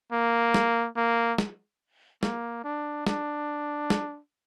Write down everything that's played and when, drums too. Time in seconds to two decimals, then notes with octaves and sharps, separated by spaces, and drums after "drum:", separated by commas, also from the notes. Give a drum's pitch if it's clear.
0.12 A#3
0.54 drum: snare
0.96 A#3
1.38 drum: snare
2.23 A#3, drum: snare
2.64 D4
3.07 D4, drum: snare
3.90 drum: snare